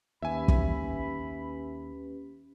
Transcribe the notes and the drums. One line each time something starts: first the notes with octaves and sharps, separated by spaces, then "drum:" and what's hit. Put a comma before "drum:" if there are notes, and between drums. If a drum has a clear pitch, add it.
D#2 C#4 G4 B4 E5 G#5 B5
drum: kick